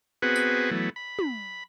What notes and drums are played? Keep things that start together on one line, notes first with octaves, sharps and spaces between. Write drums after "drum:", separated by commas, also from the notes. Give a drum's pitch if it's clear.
B3 C4 F#4 G#4 B4
drum: tambourine
E3 F#3 A3 B3
B5
drum: tom